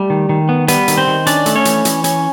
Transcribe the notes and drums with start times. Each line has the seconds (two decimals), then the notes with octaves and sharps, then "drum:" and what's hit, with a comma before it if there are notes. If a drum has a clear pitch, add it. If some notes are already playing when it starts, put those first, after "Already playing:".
Already playing: G3 A3
0.10 D#3
0.29 D#3
0.49 B3
0.68 G3 B3 B4, drum: hi-hat
0.88 D#3, drum: hi-hat
0.97 C4 C5
1.07 D#3
1.27 C#4 D4 D5, drum: hi-hat
1.46 A3, drum: hi-hat
1.55 C#4 C#5
1.65 E3, drum: hi-hat
1.85 E3, drum: hi-hat
2.04 C#4, drum: hi-hat